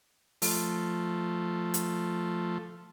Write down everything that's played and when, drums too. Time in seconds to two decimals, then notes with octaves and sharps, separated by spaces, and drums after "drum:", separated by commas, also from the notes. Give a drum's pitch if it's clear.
0.42 F3 A3, drum: open hi-hat
1.74 drum: hi-hat